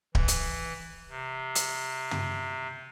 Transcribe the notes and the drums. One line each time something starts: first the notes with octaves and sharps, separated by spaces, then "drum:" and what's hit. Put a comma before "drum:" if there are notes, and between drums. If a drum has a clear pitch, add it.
E3, drum: kick D1
drum: hi-hat
C3
drum: hi-hat
drum: tom